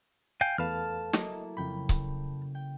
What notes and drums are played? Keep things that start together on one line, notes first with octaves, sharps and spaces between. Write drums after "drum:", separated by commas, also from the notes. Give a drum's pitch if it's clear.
F5 G5 G#5
E2 A3 B4 F5 A5 F6
F#3 A#3 E4 D#5, drum: snare
F2 C#3 G5 B5
drum: kick C#1, hi-hat
G5